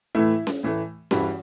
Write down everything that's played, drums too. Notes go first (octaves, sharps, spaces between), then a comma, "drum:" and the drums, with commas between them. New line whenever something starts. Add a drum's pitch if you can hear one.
A2 E3 A3 E4
drum: snare C#4
A2 E3 A3
G2 E3 G3 F#4, drum: snare C#4